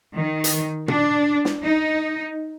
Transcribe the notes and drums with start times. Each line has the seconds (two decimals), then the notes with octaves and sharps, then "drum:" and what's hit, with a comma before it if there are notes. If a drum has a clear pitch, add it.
0.16 D#3
0.44 drum: hi-hat
0.88 D4, drum: tom A#2
1.45 drum: snare
1.63 D#4